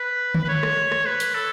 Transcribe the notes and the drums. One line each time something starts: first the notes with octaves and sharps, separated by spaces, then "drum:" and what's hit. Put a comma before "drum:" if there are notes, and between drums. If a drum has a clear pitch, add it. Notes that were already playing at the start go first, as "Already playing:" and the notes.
Already playing: B4
drum: tom D3
B4
C#5
drum: rim click
drum: rim click
B4
drum: hi-hat
A4